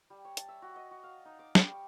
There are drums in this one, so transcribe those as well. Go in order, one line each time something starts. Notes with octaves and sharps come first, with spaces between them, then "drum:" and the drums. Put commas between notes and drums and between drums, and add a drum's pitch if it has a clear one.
G3
C#5
A5, drum: hi-hat
E5
F#4
D#5
F#4
F5
D#4
D6
G3, drum: snare
C#6